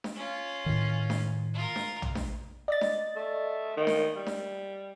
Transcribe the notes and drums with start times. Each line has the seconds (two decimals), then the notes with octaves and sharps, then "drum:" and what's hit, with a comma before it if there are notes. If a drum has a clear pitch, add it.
0.04 drum: snare D4
0.16 C#4 F4
0.66 A2 D#3
1.10 drum: snare D4
1.54 F4 A#4
1.76 drum: snare D4
2.02 drum: tom
2.15 drum: snare D4
2.68 D5 D#5 A6
2.81 drum: snare D4
3.15 A3
3.77 D#3
3.87 drum: snare D4
4.16 G3
4.26 drum: snare D4